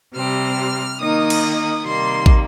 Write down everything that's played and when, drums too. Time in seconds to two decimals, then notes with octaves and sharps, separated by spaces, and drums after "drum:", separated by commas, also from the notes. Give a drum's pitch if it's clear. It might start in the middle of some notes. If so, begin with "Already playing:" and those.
0.15 C3 G3 C4 F6
1.00 D#3 A#3 D#4 D#6
1.30 drum: cymbal
1.84 C3 D#3 G3 A#3 C6
2.26 drum: kick